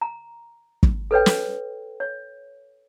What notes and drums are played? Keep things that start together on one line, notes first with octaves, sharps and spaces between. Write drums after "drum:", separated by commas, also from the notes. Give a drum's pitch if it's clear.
A#5
drum: kick
A4 B4 C#5 G5
drum: snare
C#5